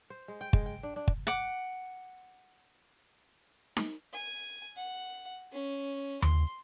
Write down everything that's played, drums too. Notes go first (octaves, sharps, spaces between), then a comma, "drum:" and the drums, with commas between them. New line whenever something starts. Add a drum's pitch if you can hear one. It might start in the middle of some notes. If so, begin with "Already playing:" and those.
C5
G#3
G5
G#3, drum: kick
G5
D4
D4
drum: kick
F#5 D6
drum: snare D#4
G#5
F#5
C#4
C6, drum: tom D#2